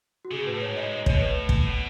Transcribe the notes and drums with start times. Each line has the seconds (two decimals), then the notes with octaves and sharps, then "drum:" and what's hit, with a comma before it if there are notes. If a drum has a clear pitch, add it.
0.25 F#4
0.31 C#3 G#4
0.43 A2
0.47 B4
0.55 A2
0.62 G#2 C#5
0.77 A2 D#5
0.88 G#2 D#5
1.06 B2 C#5, drum: kick
1.21 A2 B4
1.49 drum: kick
1.66 B2